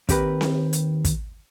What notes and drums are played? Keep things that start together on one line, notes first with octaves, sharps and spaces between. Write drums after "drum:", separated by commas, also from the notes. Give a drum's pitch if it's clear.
D#2 C4 G4 A#4 B4, drum: kick, hi-hat
drum: snare C4
drum: hi-hat
drum: kick, hi-hat